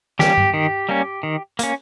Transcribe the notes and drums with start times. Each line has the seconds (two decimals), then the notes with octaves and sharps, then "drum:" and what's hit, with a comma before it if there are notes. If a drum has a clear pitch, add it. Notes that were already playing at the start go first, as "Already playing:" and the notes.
0.19 G3 A#3 C#4 G4, drum: snare
0.37 drum: tom G2
0.54 D#3
0.89 G3 A#3 C#4
1.23 D#3
1.59 A#3 C#4, drum: hi-hat